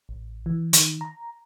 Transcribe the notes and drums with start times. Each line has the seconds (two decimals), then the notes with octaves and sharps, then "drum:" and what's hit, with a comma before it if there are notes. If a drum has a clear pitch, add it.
0.09 A1
0.46 E3
0.73 D#3, drum: hi-hat
1.01 A#5